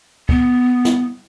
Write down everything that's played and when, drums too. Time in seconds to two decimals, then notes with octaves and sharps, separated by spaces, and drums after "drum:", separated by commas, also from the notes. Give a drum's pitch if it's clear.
0.29 B3, drum: kick C#2
0.85 drum: snare